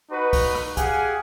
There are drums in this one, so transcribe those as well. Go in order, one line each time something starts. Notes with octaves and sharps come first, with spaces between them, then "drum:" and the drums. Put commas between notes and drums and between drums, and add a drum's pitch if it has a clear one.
D#4 F#4 B4
drum: kick, open hi-hat
drum: rim click
G4 G#4 F5 F#5 G#5, drum: kick, hi-hat